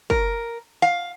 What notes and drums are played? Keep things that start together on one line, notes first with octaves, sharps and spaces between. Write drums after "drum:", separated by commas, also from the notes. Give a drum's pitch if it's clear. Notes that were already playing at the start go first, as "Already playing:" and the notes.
A#4, drum: kick
F5